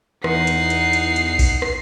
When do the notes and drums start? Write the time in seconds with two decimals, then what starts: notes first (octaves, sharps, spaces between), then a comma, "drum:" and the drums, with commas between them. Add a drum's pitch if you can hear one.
0.24 E2 D#4 F#5 C7, drum: rim click
0.47 drum: hi-hat
0.70 drum: hi-hat
0.93 drum: hi-hat
1.16 drum: hi-hat
1.39 drum: kick A#1, open hi-hat
1.62 drum: rim click